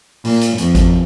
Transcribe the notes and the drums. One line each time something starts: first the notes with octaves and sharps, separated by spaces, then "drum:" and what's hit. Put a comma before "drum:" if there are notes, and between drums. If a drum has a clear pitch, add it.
A#2, drum: open hi-hat
drum: hi-hat
F2, drum: hi-hat
drum: kick G#1, hi-hat